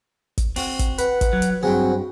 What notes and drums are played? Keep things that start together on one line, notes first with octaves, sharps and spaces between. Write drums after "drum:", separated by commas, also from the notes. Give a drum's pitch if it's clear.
drum: kick, hi-hat
C4 F#4, drum: open hi-hat
drum: kick, hi-hat
B4 F#5, drum: hi-hat
drum: kick, hi-hat
F#3
drum: hi-hat
E2 G2 F#3 C4 F#4 G#4 F#5 G5